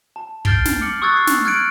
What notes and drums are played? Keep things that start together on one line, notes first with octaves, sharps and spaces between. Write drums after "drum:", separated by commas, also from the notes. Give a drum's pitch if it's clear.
A5
F6 G6 A6 C7 D7 G7, drum: kick
drum: snare
D6 F6 C#7 F#7
C#6 D#6 E6 F#6 G#6 A6
E6 C7
drum: snare
F6 F#6 G#6 C#7 D7 F#7